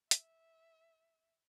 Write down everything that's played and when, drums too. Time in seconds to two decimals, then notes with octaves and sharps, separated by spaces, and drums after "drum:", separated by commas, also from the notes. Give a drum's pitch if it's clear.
0.11 E5, drum: hi-hat